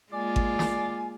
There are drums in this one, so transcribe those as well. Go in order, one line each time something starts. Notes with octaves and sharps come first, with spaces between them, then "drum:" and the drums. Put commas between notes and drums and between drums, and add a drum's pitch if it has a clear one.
G#3 A#3 F4 D5 G#5
drum: kick G#1
drum: snare